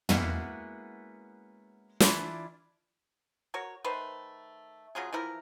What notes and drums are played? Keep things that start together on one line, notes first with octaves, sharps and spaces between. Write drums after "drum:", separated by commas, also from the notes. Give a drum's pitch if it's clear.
G#3 A#3 B3 C#4 E4 F#4, drum: tom
E3 D4 E4 F4, drum: snare
F#4 A#4 C#5
D#3 A3 B4 C5
C#3 F#3 F4 G#4
E3 F3 E4 A#4